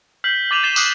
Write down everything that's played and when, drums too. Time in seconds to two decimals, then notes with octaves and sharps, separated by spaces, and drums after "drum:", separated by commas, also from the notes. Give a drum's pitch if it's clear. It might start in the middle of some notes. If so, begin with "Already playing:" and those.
0.24 F6 G6 B6 C7 F#7
0.51 D6 A6 D#7 F7 F#7
0.63 A6 C7 E7 F7 G7
0.76 D6 D#6 F#6 C7, drum: tambourine